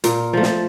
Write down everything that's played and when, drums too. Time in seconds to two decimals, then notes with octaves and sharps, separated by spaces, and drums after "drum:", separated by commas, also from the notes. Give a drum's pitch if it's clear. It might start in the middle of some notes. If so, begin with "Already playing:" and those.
0.04 A#2 A#4, drum: hi-hat
0.33 F3 A3
0.43 drum: snare